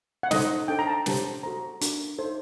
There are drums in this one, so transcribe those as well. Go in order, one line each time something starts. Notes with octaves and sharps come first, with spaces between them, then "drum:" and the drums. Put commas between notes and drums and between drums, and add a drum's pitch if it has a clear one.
F#5
D#4 A4 C5 D#5, drum: snare
D4 A4 C5 G5
A#5
A5
D4 G4 C5, drum: snare
F#4 A4 C5 A#5
D4 F#4 A#4, drum: hi-hat
D#4 A4 C5